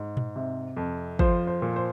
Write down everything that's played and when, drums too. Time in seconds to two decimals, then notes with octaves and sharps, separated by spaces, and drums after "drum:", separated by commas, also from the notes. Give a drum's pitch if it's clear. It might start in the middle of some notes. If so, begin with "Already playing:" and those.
Already playing: G#2
0.17 drum: tom A#2
0.36 C3
0.77 F2
1.19 F3 C5, drum: kick
1.47 C5
1.62 A#2
1.76 C5